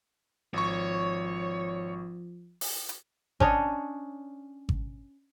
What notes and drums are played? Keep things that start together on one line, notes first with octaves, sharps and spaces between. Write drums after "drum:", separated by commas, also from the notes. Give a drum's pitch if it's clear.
G#1 F3 C#5 C#6
drum: open hi-hat
drum: hi-hat
C#4 D4 C#5 D#5, drum: kick G#1
drum: kick G#1